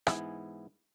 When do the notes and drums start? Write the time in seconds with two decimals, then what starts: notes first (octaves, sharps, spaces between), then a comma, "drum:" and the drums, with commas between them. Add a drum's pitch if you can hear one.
0.07 G#2 E3 B3 E4 G#5, drum: rim click